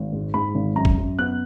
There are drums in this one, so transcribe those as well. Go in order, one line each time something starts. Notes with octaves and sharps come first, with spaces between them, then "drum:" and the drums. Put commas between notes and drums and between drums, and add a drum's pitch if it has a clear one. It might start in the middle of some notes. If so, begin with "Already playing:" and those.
Already playing: G#1
G#2
G#2 B5
G#1
F#2 A#5
drum: kick
F#2
B3 F#6